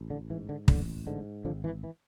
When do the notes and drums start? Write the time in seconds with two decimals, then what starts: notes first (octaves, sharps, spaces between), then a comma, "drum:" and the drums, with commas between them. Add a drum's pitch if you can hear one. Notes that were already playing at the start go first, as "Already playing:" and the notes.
Already playing: A1
0.10 D3
0.30 G#2 E3
0.49 D3
0.68 A1 D3, drum: kick
1.07 G#2 D3
1.45 G#1 D3 F3
1.64 E3
1.84 E3